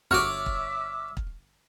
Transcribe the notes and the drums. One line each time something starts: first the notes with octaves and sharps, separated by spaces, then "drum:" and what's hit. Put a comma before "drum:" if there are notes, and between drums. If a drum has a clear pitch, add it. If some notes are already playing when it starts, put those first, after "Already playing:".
G1 F#4 C#5 D5 E5 D6 E6 F6
drum: kick
drum: kick